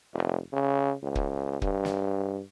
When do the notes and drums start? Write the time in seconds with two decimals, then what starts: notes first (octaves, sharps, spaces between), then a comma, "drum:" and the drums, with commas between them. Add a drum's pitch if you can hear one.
0.14 F1
0.53 C#3
1.03 C#2
1.15 drum: kick
1.62 G2, drum: kick
1.85 drum: snare